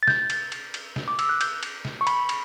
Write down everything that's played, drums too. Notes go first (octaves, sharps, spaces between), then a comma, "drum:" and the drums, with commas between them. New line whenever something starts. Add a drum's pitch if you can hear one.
A6
G6, drum: snare
drum: cymbal
drum: cymbal
drum: cymbal
drum: snare
D6
E6, drum: cymbal
F#6
G6, drum: cymbal
drum: cymbal
drum: snare
C#6
B5, drum: cymbal
drum: cymbal